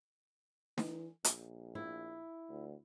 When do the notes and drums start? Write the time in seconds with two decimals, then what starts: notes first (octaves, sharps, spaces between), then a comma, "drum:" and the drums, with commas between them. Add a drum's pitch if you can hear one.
0.78 E3, drum: snare
1.24 A#1, drum: hi-hat
1.75 E4
2.50 D2